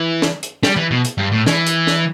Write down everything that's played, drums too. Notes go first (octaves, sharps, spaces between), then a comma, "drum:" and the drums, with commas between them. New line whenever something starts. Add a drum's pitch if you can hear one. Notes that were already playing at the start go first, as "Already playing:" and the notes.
Already playing: E3
drum: snare
drum: hi-hat
G3, drum: snare
E3
B2
drum: hi-hat
G2
A2
E3, drum: snare
drum: hi-hat
drum: snare